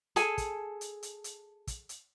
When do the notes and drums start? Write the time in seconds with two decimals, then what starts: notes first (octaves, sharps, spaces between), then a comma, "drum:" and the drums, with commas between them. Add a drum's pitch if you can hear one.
0.16 G#4 A4 G#5, drum: hi-hat
0.38 drum: kick, hi-hat
0.81 drum: hi-hat
1.03 drum: hi-hat
1.24 drum: hi-hat
1.67 drum: kick, hi-hat
1.89 drum: hi-hat